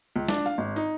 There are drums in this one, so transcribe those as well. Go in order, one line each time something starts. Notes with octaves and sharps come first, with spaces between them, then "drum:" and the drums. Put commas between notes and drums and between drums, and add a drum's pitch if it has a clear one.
C#2
D4, drum: snare
F5
G#1
D#4